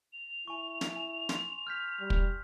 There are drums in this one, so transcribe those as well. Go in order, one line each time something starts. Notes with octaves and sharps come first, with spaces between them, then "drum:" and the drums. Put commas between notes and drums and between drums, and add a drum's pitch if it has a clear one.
F7
E4 G#5 C#6
drum: snare
G#5 E7
C6, drum: snare
F6 G6 B6
G3
drum: kick